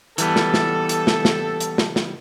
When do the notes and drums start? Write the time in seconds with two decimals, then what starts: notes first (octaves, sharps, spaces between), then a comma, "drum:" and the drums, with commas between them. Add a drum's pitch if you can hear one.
0.18 E3 G3 B3 A4, drum: hi-hat
0.36 drum: snare
0.54 drum: snare
0.89 drum: hi-hat
1.07 drum: snare
1.25 drum: snare
1.60 drum: hi-hat
1.78 drum: snare
1.96 drum: snare